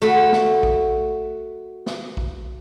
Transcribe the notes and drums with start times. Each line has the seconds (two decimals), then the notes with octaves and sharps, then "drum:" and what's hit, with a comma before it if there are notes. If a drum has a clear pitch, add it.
0.02 A3 F#4 B5
0.32 drum: snare
0.63 drum: kick A#1
1.86 drum: snare
2.17 drum: kick A#1